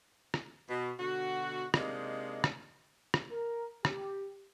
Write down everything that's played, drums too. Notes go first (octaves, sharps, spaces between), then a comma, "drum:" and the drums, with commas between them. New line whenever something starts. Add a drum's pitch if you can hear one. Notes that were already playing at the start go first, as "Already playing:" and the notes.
drum: rim click
B2
B2 D3 F#4
C3 G#3 A#3 D4 D#4, drum: rim click
drum: rim click
drum: rim click
A#4
G4, drum: rim click